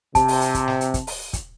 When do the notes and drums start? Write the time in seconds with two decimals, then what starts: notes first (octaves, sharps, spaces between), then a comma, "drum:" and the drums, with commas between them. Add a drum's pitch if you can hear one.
0.15 C3 A5, drum: kick, hi-hat
0.28 drum: open hi-hat
0.41 drum: hi-hat
0.54 drum: kick, hi-hat
0.68 drum: snare
0.81 drum: hi-hat
0.94 drum: kick, hi-hat
1.07 drum: open hi-hat
1.33 drum: kick, hi-hat